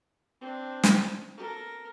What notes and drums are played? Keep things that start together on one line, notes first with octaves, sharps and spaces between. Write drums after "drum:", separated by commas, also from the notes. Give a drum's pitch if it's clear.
C4 D4
drum: snare
A4 A#4